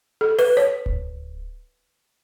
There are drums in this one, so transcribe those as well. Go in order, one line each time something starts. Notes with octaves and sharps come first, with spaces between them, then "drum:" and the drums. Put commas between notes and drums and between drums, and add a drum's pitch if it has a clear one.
A4
B4, drum: open hi-hat
C#5
drum: kick D1